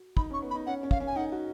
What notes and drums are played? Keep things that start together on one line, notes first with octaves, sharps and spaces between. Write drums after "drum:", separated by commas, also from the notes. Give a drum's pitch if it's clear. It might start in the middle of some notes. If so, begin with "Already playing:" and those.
Already playing: F#4
D#4 B5, drum: kick
C#4 C#6
B3
B5
D#4
C#4 F#5
C#4
F5, drum: kick
C#4
G#5
D#4 F#5
F#4